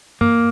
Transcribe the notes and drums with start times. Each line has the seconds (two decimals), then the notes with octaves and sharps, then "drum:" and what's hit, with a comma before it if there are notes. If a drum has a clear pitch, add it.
0.21 A#3, drum: tom G2